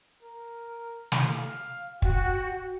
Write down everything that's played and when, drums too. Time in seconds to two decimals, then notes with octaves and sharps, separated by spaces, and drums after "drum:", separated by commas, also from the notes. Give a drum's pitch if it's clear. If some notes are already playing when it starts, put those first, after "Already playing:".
0.22 A#4
1.12 drum: snare
1.40 F5
2.02 F#4 G5, drum: kick